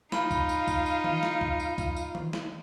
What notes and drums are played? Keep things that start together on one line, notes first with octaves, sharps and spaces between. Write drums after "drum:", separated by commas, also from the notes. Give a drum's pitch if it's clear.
D#4 F4 B5, drum: snare
drum: kick, tambourine
drum: tambourine
drum: kick, tambourine
drum: tambourine
drum: tom D#3
drum: snare
drum: kick
drum: tambourine
drum: kick, tambourine
drum: tambourine
drum: tom D#3
drum: snare